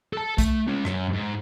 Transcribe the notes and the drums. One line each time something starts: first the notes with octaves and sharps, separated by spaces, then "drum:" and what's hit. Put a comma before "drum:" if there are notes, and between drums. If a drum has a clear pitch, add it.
A4 A5
A3, drum: kick, hi-hat
G#3 C#4
F#2, drum: rim click
G#2